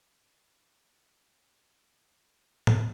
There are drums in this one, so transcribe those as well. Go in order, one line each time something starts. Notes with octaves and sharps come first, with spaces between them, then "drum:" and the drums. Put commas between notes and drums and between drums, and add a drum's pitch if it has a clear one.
F1 B1
D3 C4 D4
F#2 G3 G#3
drum: tom